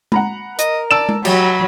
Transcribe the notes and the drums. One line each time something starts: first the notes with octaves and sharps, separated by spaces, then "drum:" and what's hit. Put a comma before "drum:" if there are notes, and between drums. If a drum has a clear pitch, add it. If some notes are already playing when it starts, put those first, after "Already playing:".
F#5 A#5 B5, drum: tom G#3
A#4 D#5, drum: hi-hat
D5 A5 E6 E7
drum: tom G#3
F#3 G4 B5, drum: cymbal